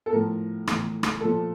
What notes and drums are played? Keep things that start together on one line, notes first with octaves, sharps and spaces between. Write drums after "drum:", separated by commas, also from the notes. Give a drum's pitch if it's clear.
A4
A2 F3 A#4
A2 E3, drum: rim click
drum: rim click
A#2 F3 A4